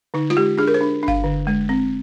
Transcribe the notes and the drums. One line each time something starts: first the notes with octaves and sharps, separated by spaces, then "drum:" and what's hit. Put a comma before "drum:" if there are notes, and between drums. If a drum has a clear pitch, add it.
D3 D#4
F4, drum: snare
G#3 G4
D4 G#4
A#4
C5
D4
D4
F5, drum: kick G1
D3
G#3
C4